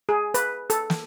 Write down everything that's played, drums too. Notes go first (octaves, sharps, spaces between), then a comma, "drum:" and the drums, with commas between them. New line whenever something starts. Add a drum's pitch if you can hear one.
G#4
B4, drum: hi-hat
A4, drum: hi-hat
drum: snare